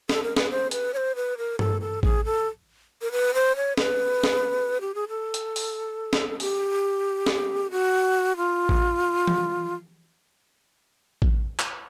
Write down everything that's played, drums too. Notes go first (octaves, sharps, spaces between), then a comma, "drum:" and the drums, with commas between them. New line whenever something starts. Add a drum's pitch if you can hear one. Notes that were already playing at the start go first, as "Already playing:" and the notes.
A4, drum: snare
A#4
B4, drum: snare
C5
B4, drum: hi-hat
C#5
C5
B4
A#4
A4, drum: tom G2
A4
G#4, drum: kick A1
A4
A#4
B4
C5
C#5
B4, drum: snare
drum: snare
G4
G#4
A4
drum: hi-hat
drum: open hi-hat
drum: snare
G4, drum: open hi-hat
drum: snare
F#4
F4
drum: kick A1
drum: tom E3
drum: kick A1
drum: clap